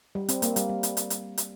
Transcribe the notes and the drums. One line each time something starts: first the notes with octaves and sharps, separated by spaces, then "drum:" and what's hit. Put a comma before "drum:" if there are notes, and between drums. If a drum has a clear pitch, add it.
G3
C4, drum: hi-hat
A#3, drum: hi-hat
G3, drum: hi-hat
G3
drum: hi-hat
drum: hi-hat
drum: hi-hat
drum: hi-hat